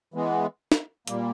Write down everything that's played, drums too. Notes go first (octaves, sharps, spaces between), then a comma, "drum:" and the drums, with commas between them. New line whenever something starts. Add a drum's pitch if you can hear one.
E3 G#3 B3
drum: snare
A#2 G3 A#3, drum: hi-hat